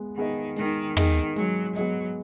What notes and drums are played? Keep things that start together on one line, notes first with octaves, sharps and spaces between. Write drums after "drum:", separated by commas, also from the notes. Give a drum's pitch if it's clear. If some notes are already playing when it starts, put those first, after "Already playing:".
Already playing: G#3 B3
D#3 B3 G#4 D#5
D#3 G#3, drum: hi-hat
D#3 B3 G#4 D#5, drum: tom
F#3 G#3, drum: hi-hat
F#3 B3 G#4 D#5, drum: hi-hat